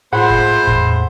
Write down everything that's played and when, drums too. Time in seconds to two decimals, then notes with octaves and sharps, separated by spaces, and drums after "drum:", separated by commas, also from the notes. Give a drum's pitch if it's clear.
0.13 A2 A3 A#3 F4 G#4 C5 F#5 B5
0.30 drum: kick
0.67 E2 A2, drum: kick